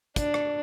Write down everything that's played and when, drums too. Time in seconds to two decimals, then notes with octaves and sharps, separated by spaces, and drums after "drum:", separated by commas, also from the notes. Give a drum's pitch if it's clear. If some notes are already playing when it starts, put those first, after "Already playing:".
0.16 D4, drum: kick, hi-hat
0.34 drum: rim click